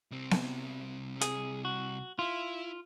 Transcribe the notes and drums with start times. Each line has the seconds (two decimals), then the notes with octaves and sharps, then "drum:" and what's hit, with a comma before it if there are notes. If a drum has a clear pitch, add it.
0.11 C2 C4
0.31 drum: snare B3
1.21 G#4, drum: hi-hat
1.65 F#4
2.19 E4 F4